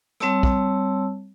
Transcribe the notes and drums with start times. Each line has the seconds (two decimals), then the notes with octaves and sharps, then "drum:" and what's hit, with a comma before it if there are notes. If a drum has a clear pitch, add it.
0.20 G3 C4 C#5 A5 E6, drum: rim click
0.43 drum: kick